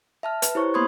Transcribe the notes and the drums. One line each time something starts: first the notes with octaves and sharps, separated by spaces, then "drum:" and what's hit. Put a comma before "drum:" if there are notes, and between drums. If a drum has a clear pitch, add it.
E5 A5 F6
B4, drum: hi-hat
E4 G4 C5 C#5 C#6
A#3 B3 B5 C6 D#6 G#6